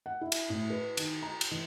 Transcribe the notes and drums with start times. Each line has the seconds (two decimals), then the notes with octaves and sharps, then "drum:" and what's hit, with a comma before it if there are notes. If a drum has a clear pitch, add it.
0.06 F#5
0.21 E4
0.32 drum: cymbal
0.50 A2
0.70 B4
0.97 D#3, drum: cymbal
1.23 A#5
1.41 drum: cymbal
1.51 E3